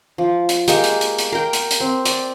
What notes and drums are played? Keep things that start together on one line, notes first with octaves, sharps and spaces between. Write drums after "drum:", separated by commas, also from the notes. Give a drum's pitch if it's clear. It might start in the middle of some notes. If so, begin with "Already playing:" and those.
F3
drum: hi-hat
G#3 A#3 G4, drum: hi-hat
drum: hi-hat
drum: hi-hat
drum: hi-hat
A#4 G5
drum: hi-hat
drum: hi-hat
C4
D5, drum: hi-hat